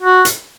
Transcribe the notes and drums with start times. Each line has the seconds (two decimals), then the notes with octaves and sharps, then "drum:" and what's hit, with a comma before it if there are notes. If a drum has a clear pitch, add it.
0.01 F#4
0.25 drum: hi-hat